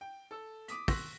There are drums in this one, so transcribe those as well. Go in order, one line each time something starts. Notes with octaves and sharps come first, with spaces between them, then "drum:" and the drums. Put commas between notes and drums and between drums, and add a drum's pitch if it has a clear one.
G5
A4 E6
D6 D#6 B6, drum: hi-hat
C6 C#6 E6 F#6 A#6 B6, drum: kick, open hi-hat